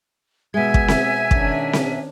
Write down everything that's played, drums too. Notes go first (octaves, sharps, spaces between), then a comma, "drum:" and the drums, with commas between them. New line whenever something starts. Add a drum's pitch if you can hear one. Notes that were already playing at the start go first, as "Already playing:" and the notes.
B2 G#3 E5 G#5 G#6
drum: kick
drum: snare C4
D#3 C#4 D4, drum: kick
drum: snare C4